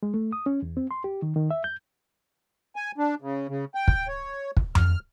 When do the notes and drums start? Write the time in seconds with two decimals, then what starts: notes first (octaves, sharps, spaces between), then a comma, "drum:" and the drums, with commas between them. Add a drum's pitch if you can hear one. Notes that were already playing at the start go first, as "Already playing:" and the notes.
0.03 G#3
0.14 A3
0.33 D#6
0.46 C#4
0.62 E2
0.77 C4
0.91 C6
1.04 G4
1.22 D#3
1.36 D#3
1.51 E5
1.64 G6
2.76 G#5
2.98 D4
3.22 C#3
3.49 C#3
3.75 G5
3.88 drum: kick
4.08 C#5
4.57 drum: kick
4.75 F6, drum: tom F2